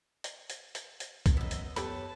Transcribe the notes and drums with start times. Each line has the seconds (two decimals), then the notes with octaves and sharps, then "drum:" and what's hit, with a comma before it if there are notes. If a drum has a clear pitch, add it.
0.24 drum: hi-hat
0.50 drum: hi-hat
0.75 drum: hi-hat
1.00 drum: hi-hat
1.26 drum: kick, hi-hat
1.37 B1 F#2 B2 D#5 E6 B6
1.51 drum: hi-hat
1.76 F#2 B3 G4 A4 B4 C#5 A5 B5, drum: hi-hat